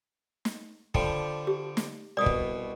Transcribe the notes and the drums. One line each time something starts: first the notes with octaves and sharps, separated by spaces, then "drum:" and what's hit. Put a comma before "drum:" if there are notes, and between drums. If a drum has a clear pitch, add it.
drum: snare
D3 F3 G3, drum: kick
G4
drum: snare
C2 B2 D5 D#6
drum: kick